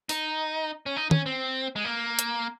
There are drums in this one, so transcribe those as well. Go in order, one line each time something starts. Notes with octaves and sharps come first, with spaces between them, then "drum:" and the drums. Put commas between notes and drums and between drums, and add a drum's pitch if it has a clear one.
D#4, drum: open hi-hat
C#4
D#4
C#4, drum: tom
C4
G#3
A#3
drum: hi-hat